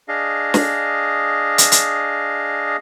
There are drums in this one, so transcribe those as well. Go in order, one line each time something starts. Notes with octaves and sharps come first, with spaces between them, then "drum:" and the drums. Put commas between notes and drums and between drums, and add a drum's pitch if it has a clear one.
D4 G#4 D#5 F5
drum: snare
drum: hi-hat
drum: hi-hat